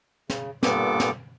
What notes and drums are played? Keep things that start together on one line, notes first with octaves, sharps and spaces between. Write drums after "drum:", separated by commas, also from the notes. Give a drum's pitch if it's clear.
C#3, drum: snare
G2 A#2 B3 A4 D6, drum: snare
drum: snare